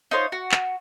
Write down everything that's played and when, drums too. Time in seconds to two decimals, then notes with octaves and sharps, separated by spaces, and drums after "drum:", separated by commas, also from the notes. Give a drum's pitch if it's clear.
0.11 D#4 F4 C5 C#5
0.32 F#4
0.52 drum: clap